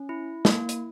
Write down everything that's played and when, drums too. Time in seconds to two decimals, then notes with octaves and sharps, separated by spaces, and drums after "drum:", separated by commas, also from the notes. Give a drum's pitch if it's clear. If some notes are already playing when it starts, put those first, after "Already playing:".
Already playing: C#4
0.09 E4
0.45 A#3, drum: snare
0.69 drum: hi-hat